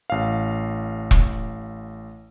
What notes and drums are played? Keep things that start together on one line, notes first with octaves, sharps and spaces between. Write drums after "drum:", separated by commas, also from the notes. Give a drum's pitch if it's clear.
A1 F5
drum: kick E1